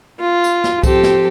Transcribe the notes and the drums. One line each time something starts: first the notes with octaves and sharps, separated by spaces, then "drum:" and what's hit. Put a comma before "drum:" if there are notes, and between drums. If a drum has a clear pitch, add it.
F4
drum: tambourine
drum: snare
F3 C4 G4 A4 C5, drum: kick C2, tambourine
drum: snare